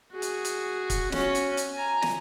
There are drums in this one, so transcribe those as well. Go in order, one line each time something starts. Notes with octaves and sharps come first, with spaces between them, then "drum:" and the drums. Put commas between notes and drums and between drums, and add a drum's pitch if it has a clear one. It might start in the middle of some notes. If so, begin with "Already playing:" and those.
F#4 G#4
drum: hi-hat
drum: hi-hat
drum: kick C#1, hi-hat
C#4 F#4, drum: snare
drum: hi-hat
drum: hi-hat
G#5 A#5
drum: snare